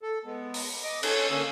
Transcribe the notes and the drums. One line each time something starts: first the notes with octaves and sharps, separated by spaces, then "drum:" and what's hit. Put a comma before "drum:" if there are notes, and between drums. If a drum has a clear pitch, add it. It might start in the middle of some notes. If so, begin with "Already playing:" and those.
A4
G#3 B3
drum: open hi-hat
D#5 D6
C#4 A4 C#5, drum: cymbal
D3 A#3 C#4 D#6 E6